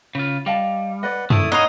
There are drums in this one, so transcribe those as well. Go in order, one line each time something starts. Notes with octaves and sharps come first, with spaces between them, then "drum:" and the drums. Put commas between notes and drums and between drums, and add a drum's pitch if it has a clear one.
C#3 F4
G3 D#5 F5 A5
B4 D5 D#5 F#5
A3 E4 D5 A5 D#6, drum: tom F#2
B3 D#4 C#5 D#5 F5 F#5 D#6